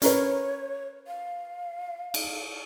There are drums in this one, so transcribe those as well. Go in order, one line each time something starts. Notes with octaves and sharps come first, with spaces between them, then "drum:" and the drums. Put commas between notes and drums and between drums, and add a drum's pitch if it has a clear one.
C#4 A#4 B4 C#5, drum: hi-hat
F5
drum: cymbal